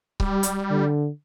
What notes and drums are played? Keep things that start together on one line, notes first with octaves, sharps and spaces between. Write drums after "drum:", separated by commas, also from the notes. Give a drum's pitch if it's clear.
G3, drum: kick C#1
drum: hi-hat
D3